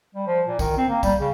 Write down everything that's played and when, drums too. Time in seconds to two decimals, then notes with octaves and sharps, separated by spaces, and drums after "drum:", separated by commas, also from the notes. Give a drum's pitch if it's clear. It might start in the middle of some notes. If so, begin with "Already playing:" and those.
0.15 G3
0.27 F3
0.47 A#2
0.59 D#3, drum: kick, tambourine
0.77 C4
0.89 A#3
1.03 G3, drum: kick, tambourine
1.19 C#3